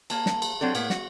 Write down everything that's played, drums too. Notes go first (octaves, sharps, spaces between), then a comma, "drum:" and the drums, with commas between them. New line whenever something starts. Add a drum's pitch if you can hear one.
A#3 G#5 A5, drum: cymbal
drum: snare
drum: cymbal
F#3 C4 D4 A4
A2 A#3 B3, drum: cymbal
F#4, drum: snare